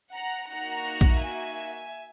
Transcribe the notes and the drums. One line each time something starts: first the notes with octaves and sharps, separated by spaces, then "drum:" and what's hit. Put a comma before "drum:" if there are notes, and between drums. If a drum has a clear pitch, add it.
F#5 A#5
A#3 D#4 F#4 F#5 A#5
drum: kick A#1
E5 G#5